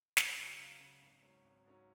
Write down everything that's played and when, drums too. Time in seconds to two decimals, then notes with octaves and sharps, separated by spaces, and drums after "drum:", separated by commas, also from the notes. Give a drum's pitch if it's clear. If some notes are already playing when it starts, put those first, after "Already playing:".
0.17 C#2, drum: snare
0.37 C#3 F#3
0.59 C#2
0.80 C#3 F#3
1.02 G#1
1.23 G#2 F#3 C#4
1.44 G#1
1.66 G#2 F#3 C#4